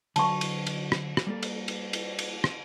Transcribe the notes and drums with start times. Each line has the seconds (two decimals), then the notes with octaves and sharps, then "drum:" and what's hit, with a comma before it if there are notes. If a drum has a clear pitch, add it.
0.16 D3 F#3 F5 A5 C#6, drum: cymbal
0.41 drum: cymbal
0.67 drum: cymbal
0.92 drum: rim click
1.17 drum: rim click
1.27 G3 A#3 A4
1.43 drum: cymbal
1.68 drum: cymbal
1.93 drum: cymbal
2.19 drum: cymbal
2.44 drum: rim click